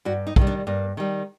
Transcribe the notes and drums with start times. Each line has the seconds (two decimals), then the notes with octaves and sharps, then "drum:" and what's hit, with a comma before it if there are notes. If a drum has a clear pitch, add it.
0.05 G2 F#4
0.27 D#4
0.36 D#3 G3, drum: kick
0.47 D4
0.67 G2 A#3
0.97 D#3 G3